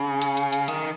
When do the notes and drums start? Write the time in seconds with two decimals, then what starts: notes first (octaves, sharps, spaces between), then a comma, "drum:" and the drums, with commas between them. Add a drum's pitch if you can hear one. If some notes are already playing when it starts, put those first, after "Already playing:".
Already playing: C#3
0.22 drum: hi-hat
0.37 drum: hi-hat
0.53 drum: hi-hat
0.68 D#3, drum: hi-hat